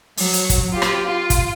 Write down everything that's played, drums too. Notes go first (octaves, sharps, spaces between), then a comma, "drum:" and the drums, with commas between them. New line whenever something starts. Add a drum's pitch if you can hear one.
F#3, drum: open hi-hat
drum: hi-hat
drum: kick, hi-hat
F4 G4
drum: rim click
F4
drum: kick, hi-hat